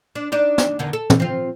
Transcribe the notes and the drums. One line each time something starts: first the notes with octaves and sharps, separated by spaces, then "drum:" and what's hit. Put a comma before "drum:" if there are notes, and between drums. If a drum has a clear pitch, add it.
D4
D4 D#4 D5
drum: snare
E2 D3 D#3
A4
drum: tom
C4 F4